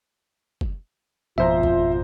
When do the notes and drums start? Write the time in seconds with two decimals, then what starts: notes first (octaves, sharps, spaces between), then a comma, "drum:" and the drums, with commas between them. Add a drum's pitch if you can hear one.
0.61 drum: kick
1.38 G#1 F2 B2 F3 F4 C5 E5 A#5
1.63 drum: kick